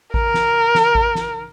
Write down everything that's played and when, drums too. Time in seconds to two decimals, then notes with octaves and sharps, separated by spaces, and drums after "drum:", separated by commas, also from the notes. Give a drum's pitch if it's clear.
0.14 A#4, drum: kick A1
0.34 drum: snare
0.75 drum: snare
0.95 drum: kick A1
1.15 drum: snare